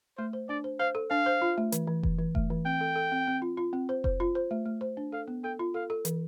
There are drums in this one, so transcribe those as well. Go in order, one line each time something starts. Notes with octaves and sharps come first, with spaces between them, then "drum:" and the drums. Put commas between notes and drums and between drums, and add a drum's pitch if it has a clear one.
A3 C5
C5
D4 D5
C5
C5 F5
A4
D4 F5
C5
F4
A3
E3, drum: hi-hat
E3
E3, drum: kick F1
E3
A3, drum: kick F1
E3
C4 G5
A4
A4
C4
C4
F4
F4
C4
C5
C5, drum: kick F1
F4
C5
A3
A3
C5
D4
A4 F5
B3
A4 G5
F4
A4 F5
A4
E3, drum: hi-hat